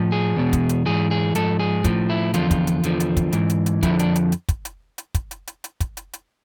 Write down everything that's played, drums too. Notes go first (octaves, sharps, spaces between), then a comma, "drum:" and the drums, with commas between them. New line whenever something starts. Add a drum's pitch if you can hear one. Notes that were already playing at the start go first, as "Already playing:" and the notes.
Already playing: A2 F3
G#4
E2 B2
drum: kick, hi-hat
drum: hi-hat
G#2 E3 G#4
G#4
G#2 F3 A4, drum: hi-hat
G#4
A2 F3, drum: kick, hi-hat
E4
E2 D3 F3 F4, drum: hi-hat
drum: kick, hi-hat
drum: hi-hat
E2 D3 F3, drum: hi-hat
drum: hi-hat
drum: kick, hi-hat
G#2 E3, drum: hi-hat
drum: hi-hat
drum: hi-hat
F2 D3 F3 E4, drum: kick, hi-hat
D4, drum: hi-hat
drum: hi-hat
drum: hi-hat
drum: kick, hi-hat
drum: hi-hat
drum: hi-hat
drum: kick, hi-hat
drum: hi-hat
drum: hi-hat
drum: hi-hat
drum: kick, hi-hat
drum: hi-hat
drum: hi-hat